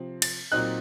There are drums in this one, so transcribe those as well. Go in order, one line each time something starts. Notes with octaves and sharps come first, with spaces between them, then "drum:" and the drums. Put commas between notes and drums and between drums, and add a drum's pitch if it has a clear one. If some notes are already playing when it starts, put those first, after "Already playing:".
Already playing: C3 F3 C4
A6, drum: cymbal
A#2 F#3 C4 D#4 F#6